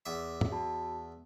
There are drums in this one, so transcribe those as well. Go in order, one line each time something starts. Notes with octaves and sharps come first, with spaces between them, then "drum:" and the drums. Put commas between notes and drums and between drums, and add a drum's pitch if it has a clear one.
E2 E5 D6
drum: tom
F#4 A5 B5